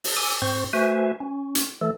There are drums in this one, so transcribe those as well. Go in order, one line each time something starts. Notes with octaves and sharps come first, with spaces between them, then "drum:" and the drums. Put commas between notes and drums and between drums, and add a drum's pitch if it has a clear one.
drum: open hi-hat
G#5 D6 E6
G#2 C4 C5 C#6
A3 F#4 B4 C5 E5 G#5
C#4
drum: hi-hat
E3 A3 A4